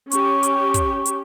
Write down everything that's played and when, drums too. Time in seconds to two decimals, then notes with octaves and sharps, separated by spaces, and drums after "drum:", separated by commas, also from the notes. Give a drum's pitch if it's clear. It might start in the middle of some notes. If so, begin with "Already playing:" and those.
0.11 C#4 G4 C#6, drum: hi-hat
0.43 drum: hi-hat
0.74 drum: kick, hi-hat
1.06 drum: hi-hat